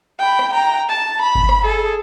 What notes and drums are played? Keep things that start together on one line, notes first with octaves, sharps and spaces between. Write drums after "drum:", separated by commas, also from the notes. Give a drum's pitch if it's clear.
G5 B5
drum: rim click
G5 A#5
A5
B5
drum: kick G1
drum: rim click
G#4 A4